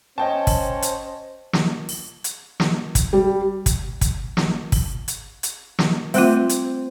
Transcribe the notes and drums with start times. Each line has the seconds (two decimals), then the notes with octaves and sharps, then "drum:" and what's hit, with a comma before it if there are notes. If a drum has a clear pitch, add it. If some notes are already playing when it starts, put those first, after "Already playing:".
0.18 C#4 C5 D#5 G5 A5
0.47 drum: kick, open hi-hat
0.82 drum: hi-hat
1.53 drum: snare
1.89 drum: open hi-hat
2.24 drum: hi-hat
2.60 drum: snare
2.95 drum: kick, hi-hat
3.13 G3
3.66 drum: kick, hi-hat
4.01 drum: kick, hi-hat
4.37 drum: snare
4.72 drum: kick, open hi-hat
5.08 drum: hi-hat
5.43 drum: hi-hat
5.79 drum: snare
6.14 G3 A3 C4 F4, drum: open hi-hat
6.49 drum: hi-hat